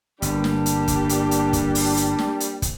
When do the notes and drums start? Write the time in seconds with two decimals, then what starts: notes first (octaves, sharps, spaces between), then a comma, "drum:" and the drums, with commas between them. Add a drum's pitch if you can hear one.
0.22 G1 G3 A#3 D4 G4, drum: hi-hat
0.44 drum: snare
0.66 drum: hi-hat
0.88 drum: kick, hi-hat
1.09 drum: hi-hat
1.31 drum: hi-hat
1.53 drum: kick, hi-hat
1.75 drum: open hi-hat
1.97 drum: hi-hat
2.19 drum: snare
2.40 drum: hi-hat
2.62 drum: kick, hi-hat